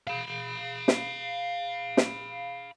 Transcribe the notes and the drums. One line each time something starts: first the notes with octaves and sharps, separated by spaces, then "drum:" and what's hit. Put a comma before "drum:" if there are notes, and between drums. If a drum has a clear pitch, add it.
F5 B5
drum: snare
drum: snare